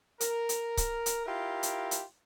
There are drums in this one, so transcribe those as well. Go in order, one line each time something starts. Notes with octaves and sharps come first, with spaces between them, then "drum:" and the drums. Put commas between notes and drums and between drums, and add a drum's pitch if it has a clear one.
A#4, drum: hi-hat
drum: hi-hat
drum: kick C#1, hi-hat
drum: hi-hat
E4 F4 G4 A#4
drum: hi-hat
drum: hi-hat